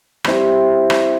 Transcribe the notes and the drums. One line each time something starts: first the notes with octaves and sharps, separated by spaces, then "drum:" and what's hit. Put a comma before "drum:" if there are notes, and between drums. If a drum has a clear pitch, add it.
G3 C4 E4, drum: rim click
drum: rim click